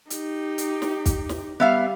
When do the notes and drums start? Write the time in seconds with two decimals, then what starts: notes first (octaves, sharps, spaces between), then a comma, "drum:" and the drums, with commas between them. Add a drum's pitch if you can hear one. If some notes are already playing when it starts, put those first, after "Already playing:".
0.10 D#4 G4, drum: hi-hat
0.58 drum: hi-hat
0.82 drum: snare
1.06 drum: kick, hi-hat
1.29 drum: snare
1.60 G3 B3 E5 F5